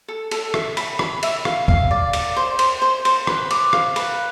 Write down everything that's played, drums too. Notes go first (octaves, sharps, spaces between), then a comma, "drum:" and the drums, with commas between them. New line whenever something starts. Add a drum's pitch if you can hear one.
A4
A4, drum: cymbal
E5, drum: rim click
B5, drum: cymbal
B5, drum: rim click
E5, drum: cymbal
F5, drum: rim click
F5, drum: kick
D5
D5, drum: cymbal
C5
C5, drum: cymbal
C5
C5, drum: cymbal
B4, drum: rim click
D6, drum: cymbal
F5, drum: rim click
B4, drum: cymbal